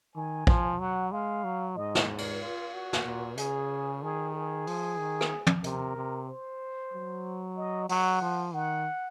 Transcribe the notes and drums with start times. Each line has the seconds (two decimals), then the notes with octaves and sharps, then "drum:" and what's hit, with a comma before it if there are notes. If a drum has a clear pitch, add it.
0.15 D#3 G#5
0.47 F3, drum: kick
0.79 F#3 F#5
1.12 G#3 F5
1.44 F#3
1.76 G#2 D#5
1.95 drum: snare
2.18 drum: cymbal
2.41 F4
2.74 F#4
2.93 drum: snare
3.06 A#2
3.37 C#3 G#4, drum: hi-hat
4.03 D#3 G#4
4.35 G#4
4.67 F3, drum: open hi-hat
4.99 D#3
5.21 drum: rim click
5.47 drum: tom
5.64 C3 A#4, drum: hi-hat
5.96 C3
6.29 C5
6.94 F#3
7.58 D#5
7.89 F#3 F#5, drum: open hi-hat
8.22 F3
8.54 D#3 F#5